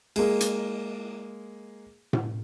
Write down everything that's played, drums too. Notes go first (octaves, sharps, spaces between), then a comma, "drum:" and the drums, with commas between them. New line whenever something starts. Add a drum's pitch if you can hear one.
G#3 A#3, drum: cymbal
drum: hi-hat
drum: tom A2